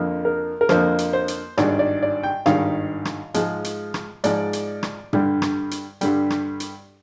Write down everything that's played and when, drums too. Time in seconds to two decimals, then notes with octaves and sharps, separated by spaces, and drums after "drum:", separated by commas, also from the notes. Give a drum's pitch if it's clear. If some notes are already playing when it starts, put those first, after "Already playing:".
Already playing: F2 D3 F3 A#3
0.25 A#4
0.61 A#4
0.69 F2 D3 F3 A#3 C5, drum: rim click
0.98 drum: hi-hat
1.13 C5
1.28 drum: hi-hat
1.58 G#1 G2 D#3 D5, drum: rim click
1.79 D5
2.03 D5
2.23 G5
2.46 G#1 G2 D#3 F5, drum: rim click
3.05 drum: rim click
3.34 G#2 F3 G#3, drum: hi-hat
3.64 drum: hi-hat
3.94 drum: rim click
4.24 G#2 F3 G#3 D5, drum: hi-hat
4.53 drum: hi-hat
4.83 drum: rim click
5.13 G2 D3 G3, drum: tom
5.42 drum: rim click
5.71 drum: hi-hat
6.01 G2 D3 G3, drum: hi-hat
6.30 drum: rim click
6.60 drum: hi-hat